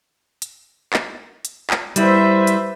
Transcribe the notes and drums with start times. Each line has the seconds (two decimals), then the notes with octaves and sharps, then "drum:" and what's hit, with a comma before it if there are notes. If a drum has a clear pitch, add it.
0.42 drum: hi-hat
0.93 drum: clap
1.45 drum: hi-hat
1.70 drum: clap
1.96 G3 E4 B4 C5 E5, drum: hi-hat
2.47 drum: hi-hat